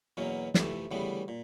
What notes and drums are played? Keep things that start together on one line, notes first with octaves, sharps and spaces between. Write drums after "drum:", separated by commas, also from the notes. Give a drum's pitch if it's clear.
E2 B2 F#3 A#3 C#4
F2 C3 E3 A3, drum: snare
D2 C#3 E3 G3 B3
A#2